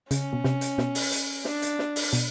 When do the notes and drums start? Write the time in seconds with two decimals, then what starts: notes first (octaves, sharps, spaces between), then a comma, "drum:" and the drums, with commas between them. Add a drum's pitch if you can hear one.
0.11 C#3 C#4, drum: hi-hat
0.33 B2
0.44 C3, drum: snare
0.61 drum: hi-hat
0.78 B2, drum: snare
0.95 drum: open hi-hat
1.12 drum: hi-hat
1.45 D4, drum: snare
1.62 drum: hi-hat
1.79 drum: snare
1.96 drum: open hi-hat
2.13 B2, drum: hi-hat